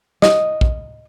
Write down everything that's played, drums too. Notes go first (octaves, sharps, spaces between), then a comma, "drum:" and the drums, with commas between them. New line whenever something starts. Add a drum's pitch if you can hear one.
D#5, drum: snare
drum: kick